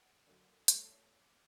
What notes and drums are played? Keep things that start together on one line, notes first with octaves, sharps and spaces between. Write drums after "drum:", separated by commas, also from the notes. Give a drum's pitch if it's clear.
F#5 D7
D3 F#3 A#3 D#4
C2 G3 A3 A4 C#5 C7, drum: hi-hat
D6